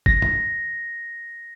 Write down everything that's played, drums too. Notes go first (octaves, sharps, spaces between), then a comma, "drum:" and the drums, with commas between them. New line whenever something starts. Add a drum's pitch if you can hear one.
A#6, drum: kick
drum: tom G2